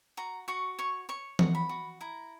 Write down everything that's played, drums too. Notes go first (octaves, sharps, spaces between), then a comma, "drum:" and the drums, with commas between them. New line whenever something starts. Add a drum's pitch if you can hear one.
F#4 A#5
F#4 C#6
C#5 C#6
C#5 C#6
F#4, drum: tom E3
B5
F#4
E4 A#5